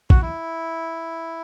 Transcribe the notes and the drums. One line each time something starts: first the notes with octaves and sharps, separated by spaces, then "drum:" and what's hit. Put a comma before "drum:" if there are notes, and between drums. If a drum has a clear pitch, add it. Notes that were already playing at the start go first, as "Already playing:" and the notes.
F#4, drum: kick
E4